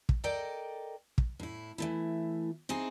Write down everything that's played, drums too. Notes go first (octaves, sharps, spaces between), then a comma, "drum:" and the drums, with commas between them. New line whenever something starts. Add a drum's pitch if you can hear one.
drum: kick
A4 A#4 D5 D#5 G5
drum: kick
A2 E4
E3 A3 E4
C4 D#4 E4 G#4